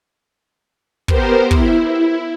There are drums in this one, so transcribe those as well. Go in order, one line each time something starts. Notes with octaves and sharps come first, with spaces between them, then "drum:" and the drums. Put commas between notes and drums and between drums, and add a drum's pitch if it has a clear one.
B3 G4 A#4 C5, drum: kick
E4, drum: kick